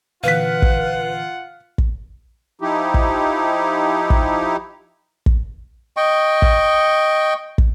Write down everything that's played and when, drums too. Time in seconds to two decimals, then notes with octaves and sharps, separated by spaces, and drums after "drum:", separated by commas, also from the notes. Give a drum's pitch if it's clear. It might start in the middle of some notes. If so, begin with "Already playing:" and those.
0.24 A#2 D3 E3 F4 B4 F5 F#5 B6
0.62 drum: kick
1.78 drum: kick
2.61 F3 D#4 E4 G4
2.94 drum: kick
4.10 drum: kick
5.26 drum: kick
5.97 D#5 G5 C#6
6.42 drum: kick
7.58 drum: kick